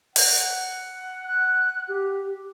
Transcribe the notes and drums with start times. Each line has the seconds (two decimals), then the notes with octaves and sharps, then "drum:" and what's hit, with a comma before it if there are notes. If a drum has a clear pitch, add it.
0.16 F#5, drum: open hi-hat
1.25 F#6
1.89 G4